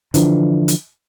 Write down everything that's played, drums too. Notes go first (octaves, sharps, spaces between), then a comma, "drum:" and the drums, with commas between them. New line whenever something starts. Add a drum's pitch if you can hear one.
D3 E3 F3 D4, drum: hi-hat
drum: hi-hat